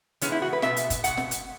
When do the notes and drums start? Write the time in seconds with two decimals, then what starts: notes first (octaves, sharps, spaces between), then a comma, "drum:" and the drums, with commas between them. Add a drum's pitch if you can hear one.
0.21 E3 G#3 B3 C#4, drum: hi-hat
0.32 E4
0.42 F#4
0.53 B4
0.62 B2 G#3 B3 E5, drum: snare
0.77 drum: hi-hat
0.90 drum: kick, hi-hat
1.04 B2 G#3 F#5, drum: hi-hat
1.17 drum: snare
1.31 drum: hi-hat